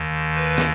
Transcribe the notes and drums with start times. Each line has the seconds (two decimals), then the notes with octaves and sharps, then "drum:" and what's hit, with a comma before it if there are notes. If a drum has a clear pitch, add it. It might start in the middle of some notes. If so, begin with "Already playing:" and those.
Already playing: D#2 D#3
0.35 B4
0.58 drum: snare